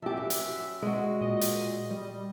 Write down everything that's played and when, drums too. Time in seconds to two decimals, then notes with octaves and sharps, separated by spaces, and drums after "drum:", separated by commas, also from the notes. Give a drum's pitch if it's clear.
0.02 F#2 F3 G4 E5
0.17 G4
0.30 drum: hi-hat
0.82 G#3 F#4
1.21 A#2 D#5
1.41 drum: hi-hat
1.91 G3